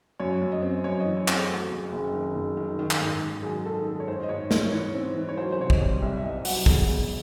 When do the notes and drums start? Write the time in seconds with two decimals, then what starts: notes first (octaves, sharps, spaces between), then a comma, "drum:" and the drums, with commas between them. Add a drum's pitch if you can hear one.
0.19 F#2 C#5
0.42 F#2
0.52 D#5
0.62 C4
0.84 F#2 C#5
1.00 D#5
1.06 E3
1.17 C#5
1.28 C4, drum: clap
1.33 G#4
1.49 A3 F#4
1.71 F#1
1.92 F#1
2.14 D#3
2.35 F#1
2.57 D#3
2.79 D#3
2.91 drum: clap
3.01 G#2
3.22 D#3
3.43 F#3 G#4
3.65 D#3 A4
3.86 D#3 A4
4.00 C#5
4.08 G#2 C5
4.23 D#5
4.29 G#2 C#5
4.51 G#2 C#5, drum: snare
4.72 E3 C#5
4.94 C4
5.15 E3
5.29 C#5
5.37 F#3 C5
5.52 C5
5.59 C3 C#5
5.70 D#5, drum: kick
5.81 C2
6.02 C2 E5
6.17 E5
6.24 C2 D#5
6.45 F#3 F#5, drum: open hi-hat
6.66 E1, drum: kick
6.88 E1